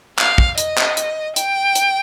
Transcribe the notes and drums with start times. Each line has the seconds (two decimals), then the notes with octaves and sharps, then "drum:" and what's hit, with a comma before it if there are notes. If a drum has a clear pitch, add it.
0.19 F5, drum: clap
0.38 drum: kick
0.58 D#5, drum: hi-hat
0.77 drum: clap
0.97 drum: hi-hat
1.36 G5, drum: hi-hat
1.75 drum: hi-hat